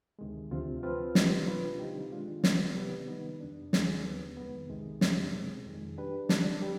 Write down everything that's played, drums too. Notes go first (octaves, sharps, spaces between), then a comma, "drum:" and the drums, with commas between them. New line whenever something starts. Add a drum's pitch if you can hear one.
D2 C3 D#3 G#3
D2 C3 F3 C4 F4
F3 C4 F4 B4 F5
D#3 B3 D#4 G4, drum: snare
B2 G3 D4 F4 B4
D3 F3 C4 D#4 G4
D#3 G#3 D4 F4
C3 G3 B3, drum: snare
C3 D#3 G3 B3
D#3 B3 D#4
F2 C3 G3 D4
D#2 D#3 G#3 D4 G#4, drum: snare
D#2 D3 G3 B3
F2 C3 D#3 G#3 B3
C2 C3 D#3 G#3
F2 C3 G3 D4, drum: snare
B2 G#3 C4
F2 D#3 G#3
G3 D4 G4 B4
D3 G3 D4, drum: snare
G3